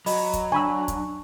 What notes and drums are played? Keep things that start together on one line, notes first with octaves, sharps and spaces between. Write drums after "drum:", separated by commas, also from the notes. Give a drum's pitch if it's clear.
F#3 D#5 B5, drum: open hi-hat
drum: kick, hi-hat
D4 G#5 B5 C#6 E6
drum: kick, hi-hat